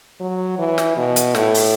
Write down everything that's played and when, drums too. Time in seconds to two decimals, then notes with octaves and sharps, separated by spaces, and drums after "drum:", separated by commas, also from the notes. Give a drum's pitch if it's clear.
0.20 F#3
0.59 E3
0.78 drum: snare
0.97 B2
1.16 drum: hi-hat
1.35 A2, drum: snare
1.54 drum: open hi-hat